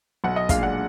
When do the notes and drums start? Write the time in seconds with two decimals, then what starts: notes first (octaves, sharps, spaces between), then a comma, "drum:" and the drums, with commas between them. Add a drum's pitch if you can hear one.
0.24 B1 F#5
0.36 D#5
0.49 A#2 G#3 D4 F5, drum: kick, hi-hat
0.63 F#5